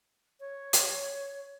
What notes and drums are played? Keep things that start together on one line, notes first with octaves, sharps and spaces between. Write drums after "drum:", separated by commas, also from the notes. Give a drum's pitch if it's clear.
C#5
drum: hi-hat